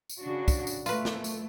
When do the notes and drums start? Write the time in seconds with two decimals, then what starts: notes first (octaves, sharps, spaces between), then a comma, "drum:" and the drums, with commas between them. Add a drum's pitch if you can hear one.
0.10 drum: tambourine
0.21 C#3 D4 F#4
0.48 drum: kick, tambourine
0.67 drum: tambourine
0.86 A3 F4 B4, drum: tambourine
1.05 drum: snare
1.24 drum: tambourine